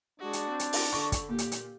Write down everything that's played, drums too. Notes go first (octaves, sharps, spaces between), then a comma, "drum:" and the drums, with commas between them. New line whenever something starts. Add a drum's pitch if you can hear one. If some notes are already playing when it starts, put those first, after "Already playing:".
G#3 D4 F#4
drum: hi-hat
C4
drum: hi-hat
drum: open hi-hat
D3 C#6
drum: kick, hi-hat
A#2 G4
drum: hi-hat
drum: hi-hat